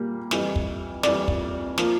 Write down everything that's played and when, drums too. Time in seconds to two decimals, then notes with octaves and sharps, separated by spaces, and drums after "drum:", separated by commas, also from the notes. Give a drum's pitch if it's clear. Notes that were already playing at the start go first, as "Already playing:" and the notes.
Already playing: A#2 G3 A#3
0.31 F2 E3 G3, drum: snare
0.56 drum: kick
1.03 F2 E3 G3 D5, drum: snare
1.28 drum: kick
1.78 F3 A#3, drum: snare